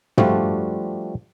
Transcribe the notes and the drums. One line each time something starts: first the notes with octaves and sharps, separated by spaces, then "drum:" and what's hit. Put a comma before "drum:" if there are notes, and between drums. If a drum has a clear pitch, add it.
F3 G3 A3 D4 F4 F#4, drum: tom